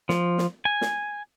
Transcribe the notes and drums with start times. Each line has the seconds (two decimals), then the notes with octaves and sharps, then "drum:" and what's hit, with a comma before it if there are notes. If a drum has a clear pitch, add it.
0.09 F3, drum: snare
0.38 drum: snare
0.65 G#5
0.81 drum: snare